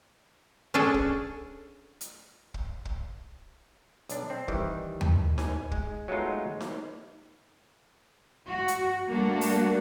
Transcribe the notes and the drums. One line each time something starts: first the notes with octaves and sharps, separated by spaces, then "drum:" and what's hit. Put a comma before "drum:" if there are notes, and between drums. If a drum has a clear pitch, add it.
C#4 D4 G#4 A4
drum: kick
drum: hi-hat
drum: kick
drum: kick
B1 D4, drum: hi-hat
C4
D#3 E3 G3, drum: kick
drum: tom
G#5, drum: snare D#4
G#3, drum: kick
F#3 G#3 A3 B3 D#4 F4
drum: snare D#4
F#4
drum: hi-hat
G3 A3 A#3 D4 F#4
drum: open hi-hat